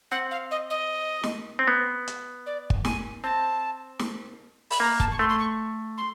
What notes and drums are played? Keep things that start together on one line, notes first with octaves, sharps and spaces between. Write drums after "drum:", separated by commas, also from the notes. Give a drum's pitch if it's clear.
C4 F#5
F5
D#5
D#5
drum: snare
C4
B3
drum: hi-hat
D5
drum: kick
G#5, drum: snare
C4 A5
drum: snare
B5, drum: open hi-hat
A#3 A#5
A5, drum: kick
C#6
A3 C6
C6
C#6
C6